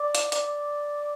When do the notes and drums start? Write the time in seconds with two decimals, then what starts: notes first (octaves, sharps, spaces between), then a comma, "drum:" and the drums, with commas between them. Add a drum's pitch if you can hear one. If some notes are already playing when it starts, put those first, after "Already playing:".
Already playing: D5
0.15 drum: hi-hat
0.32 D5, drum: hi-hat